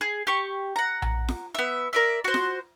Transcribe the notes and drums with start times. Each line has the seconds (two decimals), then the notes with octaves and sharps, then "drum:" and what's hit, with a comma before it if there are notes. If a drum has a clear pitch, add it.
0.01 G#4
0.27 G4 C#6
0.76 F#5 A#5
1.02 drum: tom A#1
1.28 drum: snare F4
1.55 B3 E5
1.93 A#4 D5 E5
2.24 F#4 C5
2.34 drum: snare F4